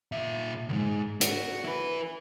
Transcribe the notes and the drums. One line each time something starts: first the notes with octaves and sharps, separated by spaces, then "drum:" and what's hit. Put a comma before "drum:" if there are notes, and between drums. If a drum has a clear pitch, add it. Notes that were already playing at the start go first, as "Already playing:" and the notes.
A#2 E5
D2 G#2
F#4, drum: hi-hat
E4 B4